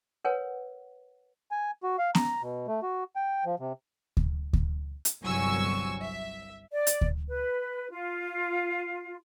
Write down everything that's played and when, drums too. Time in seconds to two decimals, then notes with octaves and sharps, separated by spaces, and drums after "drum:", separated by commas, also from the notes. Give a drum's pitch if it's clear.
0.25 A#4 B4 C#5 F#5 G#5
1.51 G#5
1.83 F#4
1.98 F5
2.15 A#5, drum: snare
2.42 B2
2.67 A3
2.83 F#4
3.16 G5
3.45 F3
3.60 C3
4.17 drum: kick D2
4.53 drum: kick D2
5.05 drum: hi-hat
5.23 G1 C2 F#3 G#5 C#6 E6
6.03 E5
6.72 D5
6.87 drum: hi-hat
7.01 drum: kick D2
7.29 B4
7.91 F4